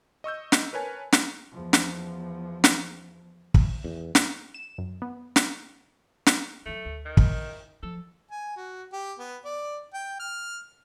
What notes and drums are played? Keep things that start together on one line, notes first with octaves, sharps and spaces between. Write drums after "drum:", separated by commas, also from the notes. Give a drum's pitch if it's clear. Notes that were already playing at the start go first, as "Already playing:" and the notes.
D#5 C#6 E6 G6
drum: snare
A#4 B4 C#5 G#5 A5
drum: snare
E2 F3
drum: snare
drum: snare
drum: kick
E2
drum: snare
E7
F#2
B3
drum: snare
drum: snare
E3 F#3 A3
D2
D#3
drum: kick
F3 A4
G#5
F#4
G4
B3
D5
G5
F6